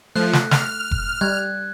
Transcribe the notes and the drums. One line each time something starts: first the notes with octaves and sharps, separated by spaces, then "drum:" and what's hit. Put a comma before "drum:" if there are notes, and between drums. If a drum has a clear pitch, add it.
F3 A3 F#6
drum: snare
F6, drum: snare
drum: kick F1
G3 F#6 G#6